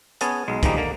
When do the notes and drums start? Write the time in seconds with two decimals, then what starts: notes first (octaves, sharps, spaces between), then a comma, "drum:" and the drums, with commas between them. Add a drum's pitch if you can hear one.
0.21 B3 C#4 G#4 G#5 A5, drum: hi-hat
0.48 B1 G#3
0.63 D#3 F3 G3 G#3 A#3 D#4, drum: kick, hi-hat
0.77 D3 A#3